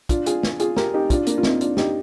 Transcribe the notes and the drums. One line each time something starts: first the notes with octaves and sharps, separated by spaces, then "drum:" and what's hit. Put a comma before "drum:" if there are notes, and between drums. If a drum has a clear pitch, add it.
D4 F4, drum: kick, hi-hat
F4 G#4, drum: hi-hat
drum: snare
F4 G#4, drum: hi-hat
G4 A#4, drum: snare
D#4 G4
D4 F4, drum: kick, hi-hat
A#3 D4, drum: hi-hat
F4
C4 D#4, drum: snare
D4 F4, drum: hi-hat
D#4 G4, drum: snare